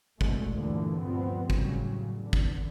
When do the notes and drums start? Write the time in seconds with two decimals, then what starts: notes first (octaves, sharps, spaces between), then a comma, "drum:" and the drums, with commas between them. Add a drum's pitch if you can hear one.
0.21 G1 C2 B2 G#3 A3, drum: kick
0.52 D2 G2 A#2 D3 E3 A#3
0.98 D2 G2 F3 B3 C4
1.50 F#2 A2 C#3 F#3 G3, drum: kick
2.19 E2 D3
2.33 drum: kick